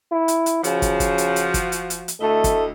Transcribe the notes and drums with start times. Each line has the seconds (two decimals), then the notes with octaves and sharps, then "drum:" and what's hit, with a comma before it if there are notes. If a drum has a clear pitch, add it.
0.12 E4
0.28 drum: hi-hat
0.46 drum: hi-hat
0.64 C#3 F3 F#4, drum: hi-hat
0.82 drum: kick, hi-hat
1.00 drum: kick, hi-hat
1.18 drum: hi-hat
1.36 drum: hi-hat
1.54 drum: kick, hi-hat
1.72 drum: hi-hat
1.90 drum: hi-hat
2.08 drum: hi-hat
2.21 D2 A3 E4 D#5
2.44 drum: kick, hi-hat